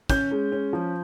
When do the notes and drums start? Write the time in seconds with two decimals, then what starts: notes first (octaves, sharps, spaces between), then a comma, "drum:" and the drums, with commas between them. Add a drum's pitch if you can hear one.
0.09 C#4 G6, drum: kick, hi-hat
0.31 G#3
0.52 C#4
0.73 F3